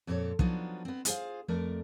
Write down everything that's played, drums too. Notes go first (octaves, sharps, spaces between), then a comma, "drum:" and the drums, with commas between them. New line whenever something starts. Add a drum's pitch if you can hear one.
F2 A#2 C4 D4 A4 C#5
F3 F#3 B3 D4 D#4 F4, drum: kick
B3 C4
F4 G#4 C5 F5, drum: hi-hat
F2 A3 A#4 D5